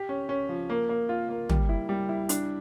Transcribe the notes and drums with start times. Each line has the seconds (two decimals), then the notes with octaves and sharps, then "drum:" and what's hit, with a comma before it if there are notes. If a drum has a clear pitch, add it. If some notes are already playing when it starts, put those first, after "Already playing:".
Already playing: G4
0.09 C#4
0.29 C#4
0.49 F3
0.70 A#3
0.89 A#3
1.09 F4
1.29 A#3
1.49 G3, drum: tom
1.69 E4
1.89 G3
2.09 E4
2.29 D4, drum: hi-hat